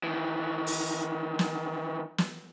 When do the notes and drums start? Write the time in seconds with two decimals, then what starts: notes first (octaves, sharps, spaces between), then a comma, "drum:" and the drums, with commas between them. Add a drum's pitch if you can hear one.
0.03 D#3 E3
0.67 drum: open hi-hat
1.39 drum: snare
2.18 drum: snare